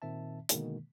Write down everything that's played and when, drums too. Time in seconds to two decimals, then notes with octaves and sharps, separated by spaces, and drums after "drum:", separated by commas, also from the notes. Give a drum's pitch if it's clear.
0.02 A#2 D#3 C4 E5 A5
0.49 B2 D3 D#3 G#3 A#3, drum: hi-hat